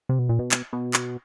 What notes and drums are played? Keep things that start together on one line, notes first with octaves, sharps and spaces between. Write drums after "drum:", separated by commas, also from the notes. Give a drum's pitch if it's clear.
C3
B2
A#2
B2
drum: clap
B2
drum: clap